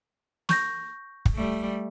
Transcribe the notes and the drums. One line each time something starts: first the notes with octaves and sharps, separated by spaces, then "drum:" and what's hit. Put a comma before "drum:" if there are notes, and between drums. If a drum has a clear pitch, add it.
C#6 G6 A#6, drum: snare
drum: kick
G3 A3